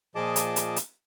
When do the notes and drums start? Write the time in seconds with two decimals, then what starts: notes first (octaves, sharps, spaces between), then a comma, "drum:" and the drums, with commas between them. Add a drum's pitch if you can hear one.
0.15 A#2 F3 G#4 D#5 A5 D6
0.36 drum: hi-hat
0.56 drum: hi-hat
0.76 drum: hi-hat